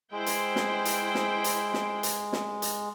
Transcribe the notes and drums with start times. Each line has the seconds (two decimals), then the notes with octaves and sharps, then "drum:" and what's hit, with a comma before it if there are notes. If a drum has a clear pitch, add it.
0.12 G#3 E4 C5 G5
0.26 drum: hi-hat
0.56 drum: snare
0.85 drum: hi-hat
1.15 drum: snare
1.44 drum: hi-hat
1.74 drum: snare
2.03 drum: hi-hat
2.33 drum: snare
2.62 drum: hi-hat